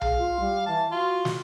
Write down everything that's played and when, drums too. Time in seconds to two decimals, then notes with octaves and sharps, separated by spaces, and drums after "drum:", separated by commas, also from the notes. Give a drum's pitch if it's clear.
0.01 G#4 F5, drum: tom B1
0.18 F4
0.40 G3
0.66 E3 A5
0.92 F4 F#4
1.25 drum: snare